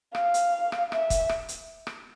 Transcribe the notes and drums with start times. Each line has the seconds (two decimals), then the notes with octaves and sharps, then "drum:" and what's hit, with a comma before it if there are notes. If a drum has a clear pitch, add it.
0.15 F5, drum: rim click
0.34 drum: hi-hat
0.72 drum: rim click
0.92 E5, drum: rim click
1.10 drum: kick, hi-hat
1.29 drum: rim click
1.48 drum: hi-hat
1.87 drum: rim click